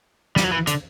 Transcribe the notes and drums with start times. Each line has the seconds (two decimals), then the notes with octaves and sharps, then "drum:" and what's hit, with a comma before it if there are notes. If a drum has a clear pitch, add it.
0.36 G3, drum: snare
0.44 F#3
0.52 E3
0.67 D3, drum: hi-hat